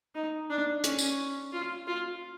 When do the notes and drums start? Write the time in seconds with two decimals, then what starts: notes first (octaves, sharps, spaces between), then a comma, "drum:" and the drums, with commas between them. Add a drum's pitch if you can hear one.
0.15 D#4
0.50 D4
0.84 C#4, drum: hi-hat
0.99 drum: tambourine
1.53 F4
1.87 F4